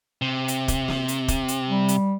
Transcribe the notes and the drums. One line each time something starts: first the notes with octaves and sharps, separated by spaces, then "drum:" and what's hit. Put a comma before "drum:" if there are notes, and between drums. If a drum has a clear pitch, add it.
C3
drum: hi-hat
drum: kick, hi-hat
drum: snare
drum: hi-hat
drum: kick, hi-hat
drum: hi-hat
G3
drum: hi-hat